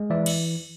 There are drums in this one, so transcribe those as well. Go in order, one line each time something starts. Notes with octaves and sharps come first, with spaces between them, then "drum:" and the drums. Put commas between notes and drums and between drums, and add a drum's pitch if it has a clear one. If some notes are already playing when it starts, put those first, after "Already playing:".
Already playing: G#3
E3 D5 E5
drum: cymbal